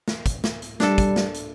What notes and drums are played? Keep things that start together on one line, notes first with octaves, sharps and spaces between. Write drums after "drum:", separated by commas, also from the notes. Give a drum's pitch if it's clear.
drum: snare
drum: kick, hi-hat
drum: snare
drum: hi-hat
G3 D4 A4, drum: snare
drum: kick, hi-hat
drum: snare
drum: hi-hat